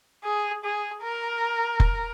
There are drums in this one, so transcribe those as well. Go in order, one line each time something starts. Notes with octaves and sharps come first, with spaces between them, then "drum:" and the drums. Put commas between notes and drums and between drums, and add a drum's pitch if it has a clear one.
G#4
G#4
A#4
drum: kick F1